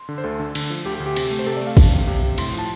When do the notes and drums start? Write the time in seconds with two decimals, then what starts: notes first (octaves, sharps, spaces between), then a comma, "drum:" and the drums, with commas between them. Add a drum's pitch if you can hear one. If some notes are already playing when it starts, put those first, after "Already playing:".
Already playing: C6
0.09 D3
0.18 C5
0.24 D2 A4
0.40 D3
0.55 D3, drum: cymbal
0.70 F3
0.85 D2 G4
0.95 G4
1.00 D2
1.06 G4
1.16 C3, drum: cymbal
1.31 A3
1.39 C5
1.46 C3 A4
1.56 A3 D5
1.67 F5
1.77 D4, drum: kick, cymbal
1.92 C3
2.07 C3
2.23 C3
2.38 A2 C6, drum: cymbal
2.48 C6
2.53 F3
2.59 A5